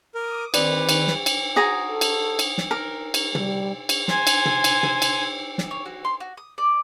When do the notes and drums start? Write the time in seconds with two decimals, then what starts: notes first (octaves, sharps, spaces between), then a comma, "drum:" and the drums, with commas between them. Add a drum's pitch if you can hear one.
0.15 A#4 D6 D#6
0.54 D#3 C4 B4 D5, drum: cymbal
0.89 drum: cymbal
1.07 drum: snare
1.26 drum: cymbal
1.56 F#4 G#4 A#5
1.87 A4
2.01 drum: cymbal
2.39 drum: cymbal
2.58 drum: snare
2.71 D#4 A#4
3.14 drum: cymbal
3.35 G3, drum: tom
3.89 drum: cymbal
4.08 C5 G#5, drum: snare
4.27 drum: cymbal
4.45 drum: tom
4.64 drum: cymbal
4.83 drum: tom
5.02 drum: cymbal
5.58 drum: snare
5.71 C#5
5.85 F#4
6.05 C6
6.20 F#4
6.37 D#6
6.58 D5